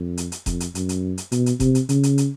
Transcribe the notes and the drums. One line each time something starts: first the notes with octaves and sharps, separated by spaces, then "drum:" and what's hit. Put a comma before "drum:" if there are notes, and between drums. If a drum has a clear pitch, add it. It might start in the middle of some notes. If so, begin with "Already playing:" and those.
Already playing: F2
drum: hi-hat
drum: hi-hat
F2, drum: kick F1, hi-hat
drum: hi-hat
F#2, drum: hi-hat
drum: hi-hat
drum: hi-hat
B2, drum: hi-hat
drum: hi-hat
C3, drum: kick F1, hi-hat
drum: hi-hat
C#3, drum: hi-hat
drum: hi-hat
drum: hi-hat